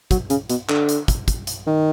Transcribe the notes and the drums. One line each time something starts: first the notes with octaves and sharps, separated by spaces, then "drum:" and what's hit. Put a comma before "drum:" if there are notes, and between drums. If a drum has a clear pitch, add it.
F#3, drum: kick, hi-hat
C#3, drum: hi-hat
B2, drum: hi-hat
D3, drum: clap
drum: hi-hat
drum: kick, hi-hat
drum: kick, hi-hat
drum: hi-hat
D#3